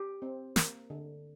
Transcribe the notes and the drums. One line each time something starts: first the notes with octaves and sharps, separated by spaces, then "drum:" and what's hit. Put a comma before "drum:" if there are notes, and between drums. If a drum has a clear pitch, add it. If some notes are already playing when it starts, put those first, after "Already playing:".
Already playing: G4
C4
A#3, drum: snare
D3